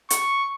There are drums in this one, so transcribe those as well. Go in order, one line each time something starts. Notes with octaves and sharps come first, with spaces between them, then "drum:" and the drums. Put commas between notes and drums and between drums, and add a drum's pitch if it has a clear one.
C#6, drum: hi-hat